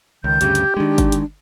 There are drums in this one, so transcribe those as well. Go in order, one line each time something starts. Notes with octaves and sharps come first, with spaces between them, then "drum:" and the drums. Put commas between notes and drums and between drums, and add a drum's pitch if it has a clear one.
C#2 D#3 G6
D2 G2 C#3 G4, drum: hi-hat
drum: hi-hat
D#3 G#3 D4
drum: kick G1, hi-hat
drum: hi-hat